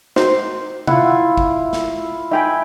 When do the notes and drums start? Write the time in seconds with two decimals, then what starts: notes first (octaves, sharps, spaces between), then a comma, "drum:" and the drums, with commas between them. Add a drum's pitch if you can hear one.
0.16 D#4 F#4 C5, drum: snare
0.87 E4 F4 F#5, drum: tom C3
1.37 drum: kick
1.73 drum: snare
2.31 D#4 E5 G5 G#5 B5